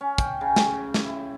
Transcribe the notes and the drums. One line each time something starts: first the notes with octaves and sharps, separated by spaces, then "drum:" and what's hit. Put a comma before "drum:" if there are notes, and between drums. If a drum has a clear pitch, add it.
C#4
G5, drum: kick, hi-hat
C#3
drum: snare
drum: snare
E4